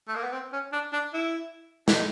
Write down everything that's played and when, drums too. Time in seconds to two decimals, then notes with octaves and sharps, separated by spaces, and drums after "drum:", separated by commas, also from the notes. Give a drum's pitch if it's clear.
0.08 A3
0.16 A#3
0.24 B3
0.32 C4
0.52 C#4
0.72 D4
0.93 D4
1.14 E4
1.88 D4, drum: snare
1.94 D#4